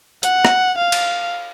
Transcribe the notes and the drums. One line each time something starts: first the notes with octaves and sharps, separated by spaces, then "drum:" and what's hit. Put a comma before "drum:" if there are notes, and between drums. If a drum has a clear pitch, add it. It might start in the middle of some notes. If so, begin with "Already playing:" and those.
F#5, drum: hi-hat
drum: rim click
F5
drum: cymbal